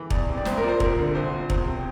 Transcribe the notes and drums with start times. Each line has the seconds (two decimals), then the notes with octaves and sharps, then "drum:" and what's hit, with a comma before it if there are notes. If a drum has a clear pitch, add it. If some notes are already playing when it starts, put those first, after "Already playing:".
Already playing: E3
0.10 E2 D5, drum: kick E1
0.28 C3
0.37 D5
0.45 C2 C5, drum: snare
0.57 A#4
0.63 A#2 D5
0.68 C5
0.80 F2 A#4, drum: kick E1
0.98 D3
1.15 C2 C5
1.33 A#2
1.50 E2 C5, drum: kick E1
1.67 C3